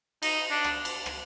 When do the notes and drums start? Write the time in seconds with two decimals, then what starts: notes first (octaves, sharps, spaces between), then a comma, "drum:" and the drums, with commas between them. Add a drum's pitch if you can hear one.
0.23 D#4, drum: cymbal
0.50 D4
0.64 drum: rim click
0.85 drum: cymbal
1.06 drum: rim click